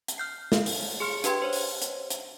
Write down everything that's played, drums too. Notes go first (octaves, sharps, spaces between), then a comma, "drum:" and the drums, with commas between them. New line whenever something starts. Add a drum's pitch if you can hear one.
drum: hi-hat
F6 G6 C7
F5, drum: snare
drum: open hi-hat
G#4 C6 F6 C#7
D4 G4 B4 G5 C6 G#6, drum: hi-hat
C5 C#5
drum: open hi-hat
drum: hi-hat
drum: hi-hat